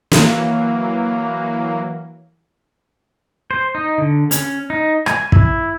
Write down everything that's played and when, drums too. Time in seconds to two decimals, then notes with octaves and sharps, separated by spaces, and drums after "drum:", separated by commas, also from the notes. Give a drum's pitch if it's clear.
0.11 E3 F#3 A#3, drum: snare
3.51 C5
3.75 D#4
3.98 D3
4.31 C#4, drum: hi-hat
4.70 D#4
5.06 G#5, drum: rim click
5.32 E4, drum: kick